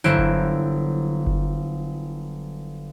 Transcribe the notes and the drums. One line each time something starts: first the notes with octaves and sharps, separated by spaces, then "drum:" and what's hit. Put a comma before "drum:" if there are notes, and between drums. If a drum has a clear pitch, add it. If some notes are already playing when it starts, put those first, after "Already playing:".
G1 F#3 E4 C5 F#6 D7, drum: tambourine
drum: kick F#1
drum: kick F#1